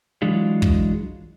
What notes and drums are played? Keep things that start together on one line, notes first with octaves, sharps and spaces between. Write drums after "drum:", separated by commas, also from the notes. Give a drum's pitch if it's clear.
E3 F#3 G#3 D4 F4
drum: kick